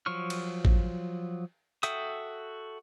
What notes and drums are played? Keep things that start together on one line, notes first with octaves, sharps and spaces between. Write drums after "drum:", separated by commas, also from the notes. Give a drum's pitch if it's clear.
F3 F#3 C#6 F6
drum: cymbal
drum: kick
F#4 A4 E5 G5 D#6, drum: hi-hat